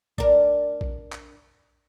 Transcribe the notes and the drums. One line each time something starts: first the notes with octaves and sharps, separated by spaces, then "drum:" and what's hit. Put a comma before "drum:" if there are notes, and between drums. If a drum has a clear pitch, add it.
D4 A#4, drum: kick A#1
drum: kick A#1
drum: clap